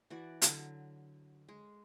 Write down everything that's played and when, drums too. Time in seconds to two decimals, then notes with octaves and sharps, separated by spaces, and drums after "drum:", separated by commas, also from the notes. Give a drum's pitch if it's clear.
0.10 E3 F#4 D5
0.42 D3 F#3, drum: hi-hat
1.48 G#3